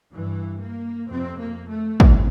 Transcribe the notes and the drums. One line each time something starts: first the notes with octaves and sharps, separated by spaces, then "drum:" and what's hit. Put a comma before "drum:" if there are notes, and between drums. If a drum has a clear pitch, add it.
G2 E3
A#3
F2 C3 C4
A#3
A3
E2, drum: kick